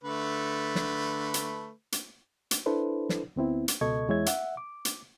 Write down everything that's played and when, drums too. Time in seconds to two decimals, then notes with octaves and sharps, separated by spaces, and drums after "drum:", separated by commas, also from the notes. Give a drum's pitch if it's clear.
0.04 D3 A3 B4
0.75 drum: snare
1.34 drum: hi-hat
1.92 drum: hi-hat
2.51 drum: hi-hat
2.66 D4 E4 A4 B4 C5
3.09 drum: snare
3.36 D2 B3 C4 E4
3.68 drum: hi-hat
3.81 C#2 B2 A4 D#5 C#6 G#6
4.09 E2 G#3 E4 C#5 E5 G#6
4.26 E5 F#5, drum: hi-hat
4.57 D6
4.85 drum: hi-hat